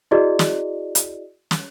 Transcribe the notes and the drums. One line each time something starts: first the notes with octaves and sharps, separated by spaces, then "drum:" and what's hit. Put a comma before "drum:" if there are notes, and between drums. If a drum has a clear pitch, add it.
E4 F#4 G#4 D5 D#5
drum: snare
drum: hi-hat
drum: snare